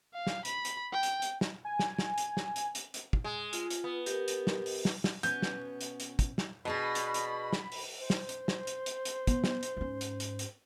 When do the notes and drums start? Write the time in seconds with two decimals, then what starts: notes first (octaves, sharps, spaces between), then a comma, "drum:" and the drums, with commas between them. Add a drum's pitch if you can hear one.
0.14 F5
0.27 drum: snare
0.45 B5, drum: hi-hat
0.65 drum: hi-hat
0.92 G5
1.03 drum: hi-hat
1.22 drum: hi-hat
1.41 drum: snare
1.65 G#5
1.79 drum: snare
1.99 drum: snare
2.18 drum: hi-hat
2.37 drum: snare
2.56 drum: hi-hat
2.75 drum: hi-hat
2.94 drum: hi-hat
3.13 drum: kick
3.24 G#3
3.53 F4, drum: hi-hat
3.70 drum: hi-hat
3.84 B3
4.06 G4 A#4, drum: hi-hat
4.28 drum: hi-hat
4.47 drum: snare
4.66 drum: open hi-hat
4.85 drum: snare
5.04 drum: snare
5.23 B2 B3 C#4 G6, drum: hi-hat
5.42 drum: snare
5.81 drum: hi-hat
6.00 drum: hi-hat
6.19 drum: kick, hi-hat
6.38 drum: snare
6.65 B2 D4 G#4 B4 B5
6.95 drum: hi-hat
7.14 drum: hi-hat
7.53 drum: snare
7.72 drum: open hi-hat
7.99 C5
8.10 drum: snare
8.29 drum: hi-hat
8.48 drum: snare
8.67 drum: hi-hat
8.86 drum: hi-hat
9.05 drum: hi-hat
9.27 B3, drum: kick, hi-hat
9.44 drum: snare
9.63 drum: hi-hat
9.77 G#2 C#4
10.01 drum: hi-hat
10.20 drum: hi-hat
10.39 drum: hi-hat